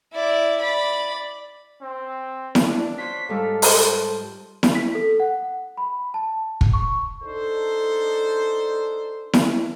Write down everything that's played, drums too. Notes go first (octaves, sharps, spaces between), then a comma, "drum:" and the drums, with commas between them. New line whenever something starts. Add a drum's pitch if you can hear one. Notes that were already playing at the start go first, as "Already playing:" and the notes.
E4 D5
D5 B5
C4
drum: snare E4
D4
F4 C5 C#5 B6
G#2 G3 A4 F5
C5, drum: open hi-hat
drum: snare E4
B6
A4
F#5
B5
A5
drum: kick
C#6
D4 D#4 A4 C5
drum: snare E4